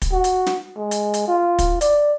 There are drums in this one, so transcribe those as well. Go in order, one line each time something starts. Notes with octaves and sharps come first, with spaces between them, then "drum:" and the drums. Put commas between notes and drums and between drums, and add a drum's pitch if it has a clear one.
drum: kick, hi-hat
F#4
drum: hi-hat
drum: snare
G#3
drum: hi-hat
drum: hi-hat
F4
drum: kick, hi-hat
D5, drum: hi-hat